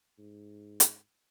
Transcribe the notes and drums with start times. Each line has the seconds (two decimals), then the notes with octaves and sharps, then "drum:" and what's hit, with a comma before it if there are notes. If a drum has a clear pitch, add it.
0.18 G#2
0.80 drum: hi-hat